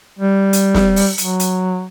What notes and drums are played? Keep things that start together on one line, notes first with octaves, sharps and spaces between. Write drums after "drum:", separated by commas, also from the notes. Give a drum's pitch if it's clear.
G3
drum: hi-hat
drum: snare
drum: open hi-hat
F#3, drum: hi-hat
drum: hi-hat